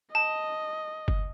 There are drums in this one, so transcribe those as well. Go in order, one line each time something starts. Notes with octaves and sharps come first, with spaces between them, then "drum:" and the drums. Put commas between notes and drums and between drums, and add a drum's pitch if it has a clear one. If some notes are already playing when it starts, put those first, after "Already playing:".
D#5 A5
drum: kick F#1